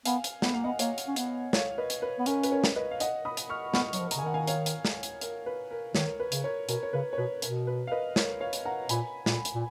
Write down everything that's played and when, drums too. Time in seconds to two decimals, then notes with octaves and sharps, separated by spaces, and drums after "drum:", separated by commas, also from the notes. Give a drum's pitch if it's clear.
0.05 B3 F5 G#5, drum: hi-hat
0.24 drum: hi-hat
0.42 B3 F#5, drum: snare
0.54 A#3 F5
0.64 B3 D#5 F#5
0.79 A#3 C#5 F5, drum: hi-hat
0.98 drum: hi-hat
1.07 C#4
1.16 B3, drum: hi-hat
1.53 C#5 F5, drum: snare
1.78 B4 D#5
1.90 drum: hi-hat
2.02 B4
2.19 B3
2.26 C#4 A#4, drum: hi-hat
2.44 B4, drum: hi-hat
2.51 A#4 C#5
2.64 drum: snare
2.76 B4 D#5
2.91 F5
3.00 D#5 F#5, drum: hi-hat
3.25 B5 D#6
3.37 drum: hi-hat
3.49 C#6 F6
3.74 B3 C#6 F6, drum: snare
3.93 F#3, drum: hi-hat
3.99 F3
4.11 A#5, drum: hi-hat
4.15 C#3
4.19 G#5
4.23 D#3 F#5
4.34 F5 G#5
4.47 C#5 F5, drum: hi-hat
4.66 drum: hi-hat
4.85 drum: snare
5.03 drum: hi-hat
5.21 A#4, drum: hi-hat
5.46 B4
5.71 A#4
5.95 D#3 A#4 C#5, drum: snare
6.20 B4
6.32 C#3, drum: hi-hat
6.44 A#4 C#5
6.69 B2 A#4, drum: hi-hat
6.83 C#5
6.93 C#3 B4
7.13 C#5
7.18 B2 B4
7.42 B2 A#4, drum: hi-hat
7.67 B4
7.87 F5
7.91 B4 D#5
8.16 A#4 C#5, drum: snare
8.40 C#5 F5
8.53 drum: hi-hat
8.65 F#5 A#5
8.89 A#2 G#5 B5, drum: hi-hat
9.26 A#2, drum: snare
9.45 drum: hi-hat
9.54 A#2